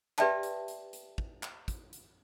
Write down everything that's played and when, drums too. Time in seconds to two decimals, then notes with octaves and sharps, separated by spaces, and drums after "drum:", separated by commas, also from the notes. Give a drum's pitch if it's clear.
0.18 G4 B4 D5 E5 G5 A5, drum: clap
0.43 drum: hi-hat
0.68 drum: hi-hat
0.93 drum: hi-hat
1.18 drum: kick
1.43 drum: clap
1.68 drum: kick, hi-hat
1.93 drum: hi-hat